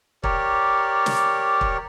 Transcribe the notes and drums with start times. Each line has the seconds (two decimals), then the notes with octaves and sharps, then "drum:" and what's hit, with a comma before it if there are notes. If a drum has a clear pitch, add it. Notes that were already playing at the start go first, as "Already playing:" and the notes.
0.24 G4 A#4 C#5 D5, drum: kick
1.06 drum: snare
1.61 drum: kick